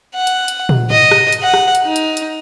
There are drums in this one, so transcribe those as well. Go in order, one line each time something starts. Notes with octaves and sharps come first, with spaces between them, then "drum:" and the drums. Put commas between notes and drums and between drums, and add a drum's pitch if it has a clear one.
F#5
drum: hi-hat
drum: hi-hat
drum: tom
D#5, drum: tom G#2
drum: rim click
drum: hi-hat
F#5
drum: rim click
drum: hi-hat
D#4
drum: hi-hat
drum: hi-hat